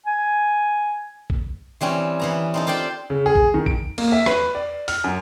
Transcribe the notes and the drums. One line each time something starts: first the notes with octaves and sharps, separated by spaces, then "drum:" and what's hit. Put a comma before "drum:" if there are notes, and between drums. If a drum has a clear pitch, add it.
G#5
drum: kick A#1
E3 G3 C4 C#4
E3 B3 A#5
C4 D#4 A4
F4 G4 C5 D5 G5
C#3
G#4
drum: kick A#1
D#3
D7, drum: kick A#1
A#3, drum: cymbal
E5
B4, drum: rim click
D5
F6, drum: open hi-hat
F#2